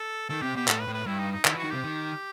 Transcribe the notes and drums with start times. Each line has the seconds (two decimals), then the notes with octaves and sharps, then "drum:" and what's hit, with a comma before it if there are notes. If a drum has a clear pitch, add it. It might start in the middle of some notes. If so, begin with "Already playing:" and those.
Already playing: A4
0.29 D#3 A4
0.42 C3 G4
0.55 B2 G4
0.68 A2 A4, drum: clap
0.81 B4
0.88 A2
0.94 B4
1.06 G2 E4
1.19 D#4
1.32 D#4
1.45 D#3 E4, drum: clap
1.55 E3
1.58 F#4
1.64 D#3
1.71 C3 G4
1.84 D#3